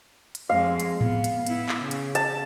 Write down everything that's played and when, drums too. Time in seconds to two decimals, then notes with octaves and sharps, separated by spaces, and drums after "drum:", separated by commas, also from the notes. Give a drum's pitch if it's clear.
0.35 drum: hi-hat
0.49 F2 G#3 F5
0.80 drum: hi-hat
1.01 B3, drum: tom A2
1.24 drum: hi-hat
1.47 B3 E4, drum: hi-hat
1.69 drum: clap
1.80 C#3
1.91 drum: hi-hat
2.15 A5, drum: hi-hat